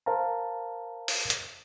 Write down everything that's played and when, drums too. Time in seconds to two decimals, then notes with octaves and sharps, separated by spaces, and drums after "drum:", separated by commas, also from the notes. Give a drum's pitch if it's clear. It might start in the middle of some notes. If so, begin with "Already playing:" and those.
0.06 A#4 C5 F5 A5 A#5
1.08 drum: open hi-hat
1.30 drum: hi-hat